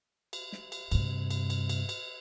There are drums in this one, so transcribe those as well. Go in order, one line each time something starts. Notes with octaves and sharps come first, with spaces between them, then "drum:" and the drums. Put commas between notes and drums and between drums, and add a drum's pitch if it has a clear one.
drum: cymbal
drum: snare
drum: cymbal
G2 C3, drum: cymbal
drum: cymbal
drum: cymbal
drum: cymbal
drum: cymbal